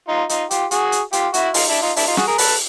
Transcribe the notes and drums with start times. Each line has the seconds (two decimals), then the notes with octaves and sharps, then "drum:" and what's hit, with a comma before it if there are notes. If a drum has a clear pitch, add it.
0.08 D#4 F4
0.29 D#4 F4, drum: hi-hat
0.51 F4 G4, drum: hi-hat
0.71 F#4 G#4, drum: hi-hat
0.92 drum: hi-hat
1.13 F4 G4, drum: hi-hat
1.34 E4 F#4, drum: hi-hat
1.54 D#4 F4, drum: open hi-hat
1.69 D4 E4
1.82 D#4 F4
1.96 D4 E4, drum: open hi-hat
2.07 D#4 F4
2.17 F#4 G#4, drum: snare
2.28 G#4 A#4
2.38 A4 B4, drum: open hi-hat